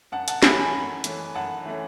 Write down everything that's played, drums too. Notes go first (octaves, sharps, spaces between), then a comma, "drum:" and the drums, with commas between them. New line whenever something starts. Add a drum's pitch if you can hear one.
F#2 F#5 A5
F#5 A5, drum: hi-hat
E3 A3 C#4 G#5 B5, drum: snare
G#5 B5
F#2
E3 A3 C#4, drum: hi-hat
F#2 F#5 A5
E3 A3 C#4